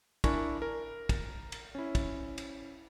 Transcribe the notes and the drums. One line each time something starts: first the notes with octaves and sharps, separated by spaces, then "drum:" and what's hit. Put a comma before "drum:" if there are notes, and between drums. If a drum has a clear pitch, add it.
D4 E4 A#4 G#5 C#6, drum: kick, cymbal
A#4
drum: kick, cymbal
drum: cymbal
C#4 E4
drum: kick, cymbal
drum: cymbal